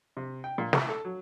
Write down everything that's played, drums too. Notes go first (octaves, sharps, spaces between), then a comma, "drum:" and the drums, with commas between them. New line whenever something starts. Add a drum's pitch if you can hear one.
C3
G5
A#2
E4, drum: snare
A4
F#3